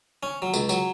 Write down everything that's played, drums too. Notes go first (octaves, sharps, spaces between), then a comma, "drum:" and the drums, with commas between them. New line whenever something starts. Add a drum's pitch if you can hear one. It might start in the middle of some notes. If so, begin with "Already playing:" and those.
C#4
F#3
C#2, drum: tambourine
F#3, drum: tambourine